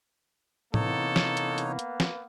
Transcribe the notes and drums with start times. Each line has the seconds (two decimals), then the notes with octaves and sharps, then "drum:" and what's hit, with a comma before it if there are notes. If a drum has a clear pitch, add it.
0.74 C3 E3 A#3 B3 D#4 A4 C#5, drum: tom A2
1.16 drum: snare
1.37 drum: hi-hat
1.58 drum: hi-hat
1.79 drum: hi-hat
2.00 drum: snare